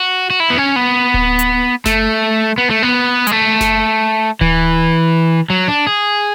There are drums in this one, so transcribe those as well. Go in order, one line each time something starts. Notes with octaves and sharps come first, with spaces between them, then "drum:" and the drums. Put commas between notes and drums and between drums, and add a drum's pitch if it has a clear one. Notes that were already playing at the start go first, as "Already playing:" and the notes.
Already playing: F#4
F#4
E4
B3
C#4
B3
drum: kick D1
drum: hi-hat
A3, drum: snare F#1
B3
A3
B3
G#3, drum: hi-hat
A3
drum: snare F#1
E3, drum: kick D1
F#3
D4
G#4